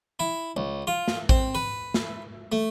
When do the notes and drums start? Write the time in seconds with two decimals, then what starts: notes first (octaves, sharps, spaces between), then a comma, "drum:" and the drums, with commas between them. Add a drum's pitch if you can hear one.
0.19 E4
0.57 C#2
0.87 F4
1.08 drum: snare
1.29 C4, drum: kick A1
1.55 B4
1.94 drum: snare
2.52 A3